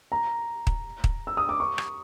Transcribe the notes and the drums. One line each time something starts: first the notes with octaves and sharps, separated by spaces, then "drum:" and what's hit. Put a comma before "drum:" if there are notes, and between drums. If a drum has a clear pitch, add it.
A#5
drum: kick
drum: kick
E6
D#6
D6
C#6
drum: rim click